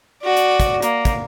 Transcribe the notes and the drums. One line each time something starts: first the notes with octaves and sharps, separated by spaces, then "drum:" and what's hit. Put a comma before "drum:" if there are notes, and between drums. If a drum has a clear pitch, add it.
F#4 D5
drum: hi-hat
drum: kick, hi-hat
A#3, drum: hi-hat
drum: kick, hi-hat